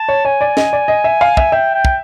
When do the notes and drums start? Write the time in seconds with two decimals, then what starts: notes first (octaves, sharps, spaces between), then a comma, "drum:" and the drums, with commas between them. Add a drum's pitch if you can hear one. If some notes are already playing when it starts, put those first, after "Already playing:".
Already playing: A5
0.08 C#5
0.25 C#5 G#5
0.41 D5
0.57 D#5, drum: snare
0.73 D5
0.88 D#5
1.04 E5
1.21 F5
1.37 E5, drum: kick
1.52 E5 G5
1.74 G5
1.85 drum: kick